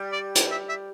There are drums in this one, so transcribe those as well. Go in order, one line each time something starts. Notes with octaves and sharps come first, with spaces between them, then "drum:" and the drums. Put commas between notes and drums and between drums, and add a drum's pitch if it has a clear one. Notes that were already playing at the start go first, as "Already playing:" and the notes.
Already playing: G3
D5
D5, drum: hi-hat
E5
E5